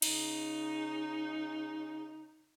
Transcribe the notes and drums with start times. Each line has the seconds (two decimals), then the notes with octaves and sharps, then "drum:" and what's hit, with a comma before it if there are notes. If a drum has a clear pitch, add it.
0.02 C#3 D#4, drum: cymbal